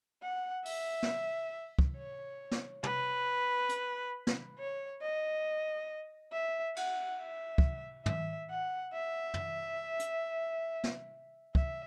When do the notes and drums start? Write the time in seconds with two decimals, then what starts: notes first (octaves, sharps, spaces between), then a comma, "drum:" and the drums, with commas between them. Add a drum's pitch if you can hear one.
0.23 F#5
0.65 E5, drum: open hi-hat
1.03 drum: snare
1.79 drum: kick
1.97 C#5
2.51 drum: snare
2.83 B4, drum: tom
3.69 drum: hi-hat
4.27 drum: snare
4.58 C#5
5.02 D#5
6.32 E5
6.76 F#5, drum: cymbal
7.20 E5
7.58 drum: kick
8.06 E5, drum: tom
8.50 F#5
8.93 E5
9.34 drum: tom
9.99 drum: hi-hat
10.84 drum: snare
11.55 E5, drum: kick